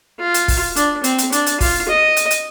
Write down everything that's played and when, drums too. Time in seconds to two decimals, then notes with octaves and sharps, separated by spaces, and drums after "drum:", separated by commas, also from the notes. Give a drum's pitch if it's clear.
0.20 F4
0.34 drum: hi-hat
0.48 drum: kick, open hi-hat
0.76 D4, drum: hi-hat
1.04 C4, drum: hi-hat
1.18 drum: hi-hat
1.32 D4, drum: hi-hat
1.46 drum: hi-hat
1.61 F4, drum: kick, open hi-hat
1.88 D#5
2.17 drum: hi-hat
2.31 drum: hi-hat